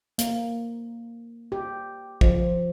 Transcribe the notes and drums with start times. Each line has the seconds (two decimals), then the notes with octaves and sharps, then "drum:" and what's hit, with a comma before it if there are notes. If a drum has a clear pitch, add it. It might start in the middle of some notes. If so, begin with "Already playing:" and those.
0.18 A#3, drum: hi-hat
1.52 G4
2.21 F3, drum: kick